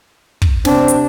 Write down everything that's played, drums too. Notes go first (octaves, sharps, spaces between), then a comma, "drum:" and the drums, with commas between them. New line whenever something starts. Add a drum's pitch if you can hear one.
drum: kick
C3 C4 D4, drum: snare
drum: hi-hat